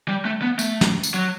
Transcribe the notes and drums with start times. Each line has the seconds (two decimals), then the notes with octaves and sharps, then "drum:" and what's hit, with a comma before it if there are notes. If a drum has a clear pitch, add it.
0.08 G3
0.25 A3
0.42 B3
0.59 A3, drum: tambourine
0.81 drum: snare
1.03 drum: tambourine
1.14 F#3